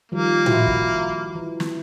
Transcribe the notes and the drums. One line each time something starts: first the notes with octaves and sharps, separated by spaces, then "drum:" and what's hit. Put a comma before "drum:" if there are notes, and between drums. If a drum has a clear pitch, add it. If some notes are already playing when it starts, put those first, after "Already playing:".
D#3 F3 G3 A#3
E4 F#4 C5, drum: tom A2
drum: kick
E3
drum: snare